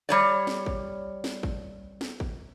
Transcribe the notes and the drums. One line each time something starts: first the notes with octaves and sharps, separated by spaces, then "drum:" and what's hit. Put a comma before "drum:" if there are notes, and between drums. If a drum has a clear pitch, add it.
G3 C#5 D5
drum: snare
drum: kick
drum: snare
drum: kick
drum: snare
drum: kick